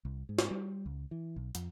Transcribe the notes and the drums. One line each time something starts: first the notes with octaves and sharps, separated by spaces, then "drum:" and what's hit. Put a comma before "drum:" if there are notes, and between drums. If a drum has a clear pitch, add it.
C2
G#2
drum: snare
G3
C#2
E3
B1
F2, drum: hi-hat